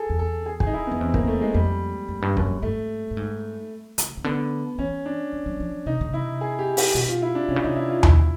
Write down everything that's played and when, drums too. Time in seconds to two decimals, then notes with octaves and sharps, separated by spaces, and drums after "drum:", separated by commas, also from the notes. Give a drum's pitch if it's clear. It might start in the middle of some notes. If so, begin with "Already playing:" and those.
Already playing: G#4 A4
0.10 E2
0.19 A4
0.46 G#4
0.60 G#4, drum: kick
0.67 D#4
0.73 E4
0.87 B3
0.92 F2
1.00 E2 C4
1.14 A#3, drum: kick
1.27 A3
1.41 G#3
1.54 F2 G3
2.08 F#2
2.22 G2
2.37 F#2, drum: kick
2.62 G#2 A3
3.11 A2
3.17 G#2
3.98 C#3, drum: hi-hat
4.17 C#3
4.24 D3 B3
4.78 E3 C#4
5.06 D4
5.33 F3
5.46 F#3
5.60 F3
5.86 C3 D#4
6.01 C#3
6.13 C3 E4
6.41 G#4
6.59 G4
6.77 G4, drum: open hi-hat
6.95 B2 F#4
7.08 F4
7.22 E4
7.35 D4
7.48 C3 C#4
7.56 C#3
7.63 C3 D#4
7.76 E4
7.90 F4
8.03 B2 E4, drum: tom D#2